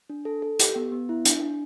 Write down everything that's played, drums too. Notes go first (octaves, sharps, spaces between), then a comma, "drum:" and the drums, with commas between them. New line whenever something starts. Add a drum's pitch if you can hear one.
D4
A4
A4
G4, drum: hi-hat
B3
B3
E4
D4, drum: hi-hat
D4